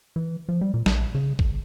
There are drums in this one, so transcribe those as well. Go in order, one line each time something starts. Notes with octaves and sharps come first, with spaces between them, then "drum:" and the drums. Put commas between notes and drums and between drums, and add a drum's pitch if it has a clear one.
E3
F3
G3
A#2
A#1, drum: snare
C#3
G1, drum: kick